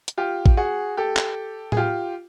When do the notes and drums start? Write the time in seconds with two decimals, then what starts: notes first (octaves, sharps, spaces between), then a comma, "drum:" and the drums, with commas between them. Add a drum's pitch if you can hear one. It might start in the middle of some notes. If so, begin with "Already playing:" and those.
0.08 drum: hi-hat
0.18 F4 G4
0.46 drum: kick A1
0.57 F#4 G#4
0.97 G4 A4
1.17 drum: clap
1.72 G#4, drum: tom A2
1.77 F4 G4